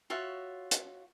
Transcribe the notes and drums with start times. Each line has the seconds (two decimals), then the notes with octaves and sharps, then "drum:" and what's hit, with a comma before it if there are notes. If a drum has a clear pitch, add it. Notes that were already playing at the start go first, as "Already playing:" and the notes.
0.10 F4 F#4 C#5 E5
0.71 drum: hi-hat